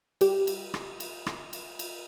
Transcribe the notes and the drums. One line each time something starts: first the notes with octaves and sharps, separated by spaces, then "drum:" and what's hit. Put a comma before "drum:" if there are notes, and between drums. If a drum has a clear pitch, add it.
G3 G4, drum: cymbal
drum: cymbal
drum: rim click
drum: cymbal
drum: rim click
drum: cymbal
drum: cymbal